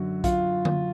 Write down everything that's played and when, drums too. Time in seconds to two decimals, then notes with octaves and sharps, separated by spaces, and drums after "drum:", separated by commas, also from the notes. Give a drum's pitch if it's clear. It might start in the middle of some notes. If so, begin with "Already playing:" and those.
Already playing: F#2 D3 F#4
0.24 F4, drum: kick, hi-hat
0.65 drum: tom D3